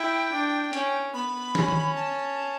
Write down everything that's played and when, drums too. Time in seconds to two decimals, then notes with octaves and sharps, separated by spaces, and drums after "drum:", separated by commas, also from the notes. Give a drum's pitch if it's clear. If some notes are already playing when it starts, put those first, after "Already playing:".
Already playing: E4 G5
0.32 D4
0.73 C#4, drum: hi-hat
1.14 B3 B5
1.55 C#4, drum: snare
1.68 drum: tom D#3
1.95 A5